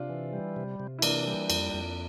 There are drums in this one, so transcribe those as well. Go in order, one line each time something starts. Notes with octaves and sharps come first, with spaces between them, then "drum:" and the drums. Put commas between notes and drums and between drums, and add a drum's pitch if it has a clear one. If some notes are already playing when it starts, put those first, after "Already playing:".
Already playing: C3 D4 F4
E3
G3
C3
C3
E4
E3 A#3 D4, drum: cymbal
G3
F2, drum: cymbal
F2